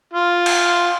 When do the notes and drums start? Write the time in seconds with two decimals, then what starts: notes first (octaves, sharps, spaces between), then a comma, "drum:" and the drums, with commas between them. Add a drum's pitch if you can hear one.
0.13 F4
0.46 drum: cymbal